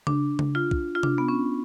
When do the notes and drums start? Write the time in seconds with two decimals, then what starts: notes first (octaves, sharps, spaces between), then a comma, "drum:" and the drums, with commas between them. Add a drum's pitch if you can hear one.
0.07 D4, drum: tom C#3
0.39 drum: tom C#3
0.55 F4
0.71 drum: kick
0.95 F4
1.03 D4, drum: tom C3
1.18 B3
1.28 C#4